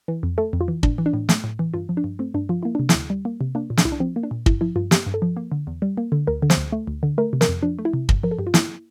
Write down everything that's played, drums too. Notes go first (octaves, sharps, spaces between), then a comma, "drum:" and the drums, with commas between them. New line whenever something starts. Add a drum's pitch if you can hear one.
E3
F2
A3 A4
F2
F4
E3
A2 D4, drum: kick
E3
D4
A2
A3, drum: snare
A2
E3
G2 F4
F3
D4
G2
A3 C4
G2 D4
F3 F4
A#3 E4
C3 D4
E4, drum: snare
D2
G3
A#3
C3
A#3 D4
A#2
D4, drum: snare
C2 E4
D4
F3 C4
A#3
D4
A#2
G2 E4, drum: kick
F3 E4
G2 F4
A#3 G4, drum: snare
G2
A4
F3
A#3
D3
E2
G3
A#3
D3
D2 A#4
D3
C5, drum: snare
D2
A3
D2
D3
A3 A#4
C3
A#4, drum: snare
F2
F3 D4
A3
E4
C3
G2, drum: kick
F3 A#4
A4
G2 G4
F4
A#3 E4, drum: snare